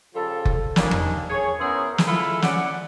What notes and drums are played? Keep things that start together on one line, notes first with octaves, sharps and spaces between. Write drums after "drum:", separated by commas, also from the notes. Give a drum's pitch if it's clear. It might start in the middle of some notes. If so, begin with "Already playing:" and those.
C#3 F3 G3 F4 A4
drum: kick F#1
D#3 F3 G3 A#3 C#4 D4, drum: snare
drum: tom E2
G#4 C#5
B3 C#4 E4 G#4 A#4 C5
drum: snare
G#3 E4 F4 A4 E5 B5
C#4 D5 F#5, drum: snare